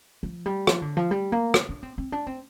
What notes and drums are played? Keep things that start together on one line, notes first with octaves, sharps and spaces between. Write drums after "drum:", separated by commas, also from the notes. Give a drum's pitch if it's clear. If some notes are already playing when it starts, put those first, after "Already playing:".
F3
G3
F3, drum: rim click
D3
F3
G3
A#3
drum: rim click
D4
C4
C4
D4
C4